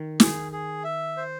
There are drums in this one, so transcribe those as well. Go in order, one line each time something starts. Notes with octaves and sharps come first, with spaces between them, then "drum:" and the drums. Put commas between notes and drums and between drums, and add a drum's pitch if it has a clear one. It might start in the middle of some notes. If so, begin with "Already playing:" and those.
Already playing: D#3
G#4, drum: snare
G#4
E5
C5